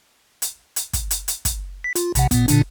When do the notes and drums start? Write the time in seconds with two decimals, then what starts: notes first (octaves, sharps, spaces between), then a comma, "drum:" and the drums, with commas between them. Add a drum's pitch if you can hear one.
0.42 drum: hi-hat
0.76 drum: hi-hat
0.93 drum: kick, hi-hat
1.11 drum: hi-hat
1.28 drum: hi-hat
1.45 drum: kick, hi-hat
1.84 B6
1.95 F4, drum: hi-hat
2.15 A#1 C3 F#5, drum: hi-hat
2.31 A#2 B3, drum: kick, hi-hat
2.48 A#2 D3 D4, drum: hi-hat